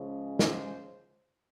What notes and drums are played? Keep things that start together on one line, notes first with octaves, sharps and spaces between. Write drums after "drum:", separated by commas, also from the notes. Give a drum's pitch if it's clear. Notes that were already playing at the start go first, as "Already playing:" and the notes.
Already playing: C#2 C#3 F3 G#3
C5, drum: snare